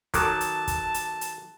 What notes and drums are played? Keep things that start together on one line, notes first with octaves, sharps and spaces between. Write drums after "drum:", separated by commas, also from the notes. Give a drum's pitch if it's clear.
D#3 F#3 A4 A5 D6 F#6, drum: kick, hi-hat
drum: hi-hat
drum: kick, hi-hat
drum: hi-hat
drum: hi-hat